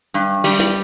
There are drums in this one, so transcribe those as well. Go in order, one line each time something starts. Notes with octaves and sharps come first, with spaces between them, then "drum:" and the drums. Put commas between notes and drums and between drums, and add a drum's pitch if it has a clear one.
G2
G3, drum: open hi-hat
drum: hi-hat